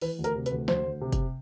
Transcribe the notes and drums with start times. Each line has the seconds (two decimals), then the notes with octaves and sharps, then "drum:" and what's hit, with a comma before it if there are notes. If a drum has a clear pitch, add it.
0.01 E3 B4, drum: open hi-hat
0.19 D2
0.24 A#4, drum: hi-hat
0.36 C3
0.46 B4, drum: hi-hat
0.51 D2
0.68 D2 C5, drum: snare
0.85 D2
1.01 C3
1.12 drum: kick F#1, hi-hat